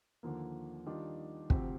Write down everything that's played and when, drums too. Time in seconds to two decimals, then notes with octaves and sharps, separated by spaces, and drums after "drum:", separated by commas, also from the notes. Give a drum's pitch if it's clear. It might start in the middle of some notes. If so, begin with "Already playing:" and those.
0.23 D#2 D3 F3 A#3
0.87 D#3 G3 D4 F4
1.50 D2 C3 F3 C4 G4, drum: kick